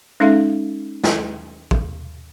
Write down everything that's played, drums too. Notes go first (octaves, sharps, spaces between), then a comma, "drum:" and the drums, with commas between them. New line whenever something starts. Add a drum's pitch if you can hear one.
G#3 C#4 D#4 A4 E5 F5
drum: snare
drum: kick